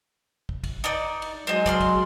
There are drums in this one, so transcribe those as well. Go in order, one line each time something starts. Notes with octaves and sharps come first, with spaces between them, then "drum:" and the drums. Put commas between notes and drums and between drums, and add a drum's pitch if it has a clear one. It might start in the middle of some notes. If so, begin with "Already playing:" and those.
drum: kick
drum: kick, cymbal
D#4 D5
drum: cymbal
F#3 G#3 C5 D#5
D5 C6 F6, drum: kick
drum: kick, cymbal